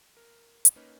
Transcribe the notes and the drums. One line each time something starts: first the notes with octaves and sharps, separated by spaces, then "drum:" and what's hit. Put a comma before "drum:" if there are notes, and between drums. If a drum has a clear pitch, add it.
A#4
drum: hi-hat
A#3 C#4 D#4 A#4 B4